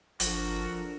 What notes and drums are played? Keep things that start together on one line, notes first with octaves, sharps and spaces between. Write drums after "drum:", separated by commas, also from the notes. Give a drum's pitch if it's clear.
G1 F3 D4 F#4 A4 A#4, drum: hi-hat